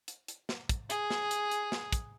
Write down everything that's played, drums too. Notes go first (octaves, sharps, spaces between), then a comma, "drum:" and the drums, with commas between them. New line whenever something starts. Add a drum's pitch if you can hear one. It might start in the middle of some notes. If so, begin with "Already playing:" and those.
drum: hi-hat
drum: hi-hat
drum: snare
drum: kick, hi-hat
G#4, drum: hi-hat
drum: snare
drum: hi-hat
drum: hi-hat
drum: snare
drum: kick, hi-hat